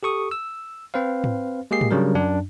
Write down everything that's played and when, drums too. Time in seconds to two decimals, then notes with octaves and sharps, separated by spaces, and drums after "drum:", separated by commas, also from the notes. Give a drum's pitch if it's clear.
0.03 G4 A4 C#6 D#6
0.31 E6
0.94 C4 B4 C5 F5
1.24 drum: tom G#2
1.71 G#3 A#3 G4 G#4 C7
1.81 drum: tom G#2
1.91 C#3 F#3 G3 D4 A#4
2.15 F#2 D4